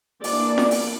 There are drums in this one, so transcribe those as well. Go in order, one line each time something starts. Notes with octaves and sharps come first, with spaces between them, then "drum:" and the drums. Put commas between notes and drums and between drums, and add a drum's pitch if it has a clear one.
E3 A#3 D4 D5, drum: open hi-hat
drum: snare
drum: open hi-hat